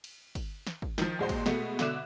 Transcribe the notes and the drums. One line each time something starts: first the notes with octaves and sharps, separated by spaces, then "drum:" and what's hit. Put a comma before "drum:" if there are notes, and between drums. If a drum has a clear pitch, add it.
drum: cymbal
drum: kick, cymbal
drum: snare
drum: kick
D#3 F3, drum: snare
D#2 A#2 G#3 F#4 C5 C6
drum: kick, cymbal
B2 G#3 A3 B3, drum: snare
B2 D3 E5 D6 F#6 E7, drum: snare